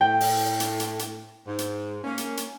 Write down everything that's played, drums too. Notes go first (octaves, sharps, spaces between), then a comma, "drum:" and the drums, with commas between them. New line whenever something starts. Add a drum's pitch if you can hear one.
A2 G5
drum: open hi-hat
drum: hi-hat
drum: hi-hat
drum: hi-hat
G#2
drum: hi-hat
A#3 C#4
drum: hi-hat
drum: hi-hat